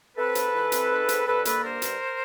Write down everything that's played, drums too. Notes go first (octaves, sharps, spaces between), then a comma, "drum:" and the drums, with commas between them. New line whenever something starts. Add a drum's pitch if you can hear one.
C4 A4 B4
G#2, drum: hi-hat
E3
C4, drum: hi-hat
G#2
C4, drum: hi-hat
G2 A4 B4
A#3 A4 B4, drum: hi-hat
G2 A#4 C5
G2, drum: hi-hat